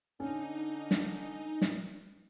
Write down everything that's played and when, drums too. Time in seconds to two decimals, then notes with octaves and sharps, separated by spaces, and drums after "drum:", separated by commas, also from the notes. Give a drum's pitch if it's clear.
0.20 D3 C#4 D#4
0.91 drum: snare
1.61 drum: snare